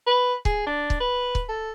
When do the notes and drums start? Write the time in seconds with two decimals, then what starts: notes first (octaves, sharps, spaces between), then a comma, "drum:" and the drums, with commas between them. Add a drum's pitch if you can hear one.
0.07 B4
0.45 G#4, drum: kick C#1
0.67 D4
0.90 drum: kick C#1
1.00 B4
1.35 drum: kick C#1
1.49 A4